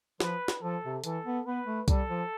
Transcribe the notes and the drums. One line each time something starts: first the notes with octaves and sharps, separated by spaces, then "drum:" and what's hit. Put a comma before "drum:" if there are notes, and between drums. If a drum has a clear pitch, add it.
F3 B4, drum: snare
drum: snare
F3 A4
C3
E3 A4, drum: hi-hat
B3
B3 B4
A3
G3 A4, drum: kick C2, hi-hat
F3